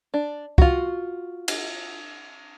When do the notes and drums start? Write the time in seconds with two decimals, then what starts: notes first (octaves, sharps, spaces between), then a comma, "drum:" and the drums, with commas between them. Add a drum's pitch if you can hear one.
0.14 D4
0.58 F4 F#4, drum: kick C2
1.48 drum: cymbal